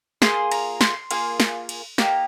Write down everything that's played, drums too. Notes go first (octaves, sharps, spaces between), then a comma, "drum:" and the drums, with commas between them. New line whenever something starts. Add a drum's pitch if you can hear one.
A#3 F4 G#4 C6, drum: snare
A#5, drum: cymbal
C6, drum: snare
A#3 F4 G#4, drum: cymbal
drum: snare
drum: cymbal
A#3 D#4 G4 A#5, drum: snare